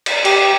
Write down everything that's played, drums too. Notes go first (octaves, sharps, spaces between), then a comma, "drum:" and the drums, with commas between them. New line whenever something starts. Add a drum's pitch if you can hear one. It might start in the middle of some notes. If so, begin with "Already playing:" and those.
drum: cymbal
G4, drum: cymbal